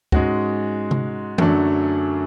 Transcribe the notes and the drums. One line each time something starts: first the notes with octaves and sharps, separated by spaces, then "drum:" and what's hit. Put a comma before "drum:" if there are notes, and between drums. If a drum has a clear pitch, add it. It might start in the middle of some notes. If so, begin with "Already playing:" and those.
G#2 G#3 C#4 F#4, drum: kick
drum: tom C3
F#2 D3 F#3 A3 D4, drum: tom E3